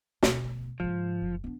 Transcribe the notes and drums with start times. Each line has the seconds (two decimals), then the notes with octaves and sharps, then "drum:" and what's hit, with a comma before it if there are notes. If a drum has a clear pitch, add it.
0.23 D2 B2, drum: snare
0.80 G#2 C#3 F3
1.21 F#1
1.44 B3 D4